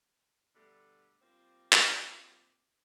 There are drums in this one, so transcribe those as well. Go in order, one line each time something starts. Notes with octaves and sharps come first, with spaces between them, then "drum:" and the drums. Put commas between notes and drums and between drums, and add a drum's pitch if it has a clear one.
B2 D3 G3 A3
G3 A#3 C4 F4
drum: clap